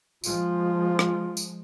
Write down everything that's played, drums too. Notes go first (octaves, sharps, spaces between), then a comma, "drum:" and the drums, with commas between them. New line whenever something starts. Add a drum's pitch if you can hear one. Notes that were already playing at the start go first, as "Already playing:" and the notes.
F3 G#3 F4, drum: tambourine
drum: rim click
drum: tambourine